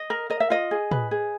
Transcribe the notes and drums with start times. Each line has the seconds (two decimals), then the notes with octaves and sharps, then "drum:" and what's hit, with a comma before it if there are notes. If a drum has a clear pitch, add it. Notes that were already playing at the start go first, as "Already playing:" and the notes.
Already playing: D#5
0.10 A#4
0.30 A#4 D#5
0.40 E5
0.50 F4 D#5
0.71 G#4
0.91 B4, drum: tom
1.11 G#4